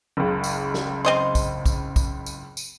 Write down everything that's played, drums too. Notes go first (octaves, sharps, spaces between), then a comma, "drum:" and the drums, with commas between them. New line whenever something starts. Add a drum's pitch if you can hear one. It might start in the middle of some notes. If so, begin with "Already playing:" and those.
F#1 C#2
drum: tambourine
drum: snare
C4 D#5 C6
drum: kick, tambourine
drum: kick, tambourine
drum: kick, tambourine
drum: tambourine
drum: tambourine